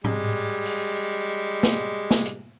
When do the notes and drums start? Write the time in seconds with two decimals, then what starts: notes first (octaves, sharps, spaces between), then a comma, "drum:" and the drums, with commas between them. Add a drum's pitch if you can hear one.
0.04 G3 G#3, drum: tom G#2
0.65 drum: open hi-hat
1.63 drum: snare A#3
2.11 drum: snare A#3
2.25 drum: hi-hat